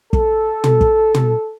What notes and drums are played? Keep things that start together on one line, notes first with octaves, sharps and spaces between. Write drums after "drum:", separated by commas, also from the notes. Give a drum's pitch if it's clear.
A4, drum: kick
drum: tom
drum: kick
drum: tom